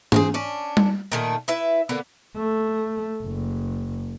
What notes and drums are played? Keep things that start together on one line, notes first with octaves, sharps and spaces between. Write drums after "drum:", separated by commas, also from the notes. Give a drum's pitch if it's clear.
C4 F4 G#4, drum: tom
C#4 D4
drum: tom G3
A#2 D#3 A3
E4 B4 E5
D3 A#3 B3
A3
F#1